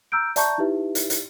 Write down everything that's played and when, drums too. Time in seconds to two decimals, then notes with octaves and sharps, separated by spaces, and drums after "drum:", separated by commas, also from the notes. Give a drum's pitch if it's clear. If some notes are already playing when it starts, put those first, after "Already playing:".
0.12 A#5 E6 F6 G6 D7
0.36 D5 E5 A5 A#5 C#6 G6, drum: hi-hat
0.58 D#4 E4 G4 B4 E5
0.95 drum: hi-hat
1.10 drum: hi-hat